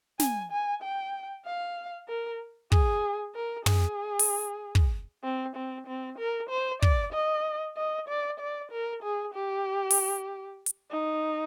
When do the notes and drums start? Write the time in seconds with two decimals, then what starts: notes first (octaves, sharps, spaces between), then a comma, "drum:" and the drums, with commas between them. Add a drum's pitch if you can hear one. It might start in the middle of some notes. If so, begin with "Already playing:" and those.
0.20 G#5, drum: snare
0.52 G#5
0.83 G5
1.46 F5
2.08 A#4
2.72 G#4, drum: kick
3.35 A#4
3.66 G#4, drum: tom
4.19 drum: open hi-hat
4.75 drum: kick
5.24 C4
5.56 C4
5.87 C4
6.18 A#4
6.50 C5
6.82 D5, drum: kick
7.13 D#5
7.77 D#5
8.09 D5
8.40 D5
8.71 A#4
9.03 G#4
9.34 G4
9.91 drum: open hi-hat
10.66 drum: hi-hat
10.92 D#4